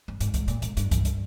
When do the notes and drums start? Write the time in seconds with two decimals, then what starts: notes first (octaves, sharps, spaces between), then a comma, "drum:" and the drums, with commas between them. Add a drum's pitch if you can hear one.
0.08 G2
0.20 G#2, drum: hi-hat
0.34 G#2, drum: kick C2, hi-hat
0.48 A#2, drum: hi-hat
0.62 G#2, drum: hi-hat
0.77 G2, drum: hi-hat
0.91 G2, drum: kick C2, hi-hat
1.05 drum: hi-hat